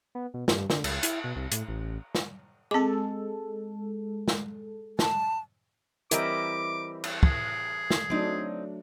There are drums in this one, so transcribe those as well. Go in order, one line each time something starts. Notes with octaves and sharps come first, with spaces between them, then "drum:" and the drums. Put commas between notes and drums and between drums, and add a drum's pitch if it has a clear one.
B3
B2
G2, drum: snare
D3, drum: snare
C#2, drum: cymbal
E4, drum: hi-hat
B2
C2
A2, drum: hi-hat
A1
drum: snare
G#3 C4 A4 D6
drum: snare
A5, drum: snare
E3 G3 C4 A#4 D#5 E5 D6, drum: hi-hat
drum: cymbal
G#4, drum: kick
drum: snare
F#3 A3 C4 D4 D#4